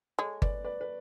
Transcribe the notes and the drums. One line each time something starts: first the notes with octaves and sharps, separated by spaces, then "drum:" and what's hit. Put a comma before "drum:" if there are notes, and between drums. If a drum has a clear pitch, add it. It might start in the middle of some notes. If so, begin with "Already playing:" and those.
G#3 A4 C#5
B4 D5, drum: kick G1
B4 D5
B4